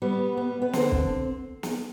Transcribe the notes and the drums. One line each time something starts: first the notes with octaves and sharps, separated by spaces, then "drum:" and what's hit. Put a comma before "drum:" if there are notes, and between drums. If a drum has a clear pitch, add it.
G3 B3
B3
B3
D3 C4, drum: snare
drum: kick
drum: snare